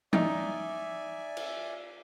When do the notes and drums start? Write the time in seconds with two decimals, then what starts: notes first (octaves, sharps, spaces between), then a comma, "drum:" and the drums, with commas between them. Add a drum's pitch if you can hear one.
0.13 D#4 D5 E5 G#5, drum: tom E3
1.37 drum: cymbal